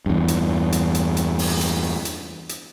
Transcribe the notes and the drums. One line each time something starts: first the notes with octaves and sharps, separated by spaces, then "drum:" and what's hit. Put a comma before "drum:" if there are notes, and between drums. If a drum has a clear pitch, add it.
E2 G2
drum: hi-hat
drum: hi-hat
drum: hi-hat
drum: hi-hat
drum: open hi-hat
drum: hi-hat
drum: hi-hat
drum: hi-hat